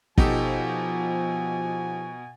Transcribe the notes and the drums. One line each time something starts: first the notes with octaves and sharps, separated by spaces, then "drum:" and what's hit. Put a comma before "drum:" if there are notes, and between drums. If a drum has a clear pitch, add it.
B2 F3 D#4 G4 A4 G#5, drum: kick